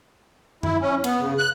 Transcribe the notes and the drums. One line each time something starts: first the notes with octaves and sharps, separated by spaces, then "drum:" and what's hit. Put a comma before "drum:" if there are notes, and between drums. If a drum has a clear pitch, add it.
E4, drum: tom F#2
C#4
B3, drum: cymbal
C#3
F#6